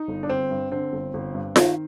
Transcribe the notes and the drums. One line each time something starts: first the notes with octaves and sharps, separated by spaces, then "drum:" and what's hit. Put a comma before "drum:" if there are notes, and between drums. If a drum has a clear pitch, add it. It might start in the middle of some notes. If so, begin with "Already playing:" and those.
Already playing: D#4
G1
D4
G1 C4
G2
D3 C4
G1
G1
G2
D#3, drum: snare F4